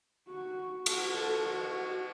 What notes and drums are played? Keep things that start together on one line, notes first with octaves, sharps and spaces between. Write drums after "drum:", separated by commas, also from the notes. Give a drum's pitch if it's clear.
F#4
F#4, drum: cymbal
A4
F#4
F#4